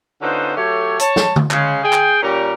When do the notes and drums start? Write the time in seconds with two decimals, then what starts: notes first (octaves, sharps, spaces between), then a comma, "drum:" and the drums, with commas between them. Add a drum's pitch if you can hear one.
0.21 D3 B3 C#4 D#4 F4 C5
0.55 F#3 A3 G4 A4 C#5
0.99 C#5 A5, drum: hi-hat
1.16 drum: snare
1.36 drum: tom D3
1.51 C#3 G#3, drum: clap
1.83 G#4 G5
1.93 drum: clap
2.22 A#2 G3 C#4 G4 A#4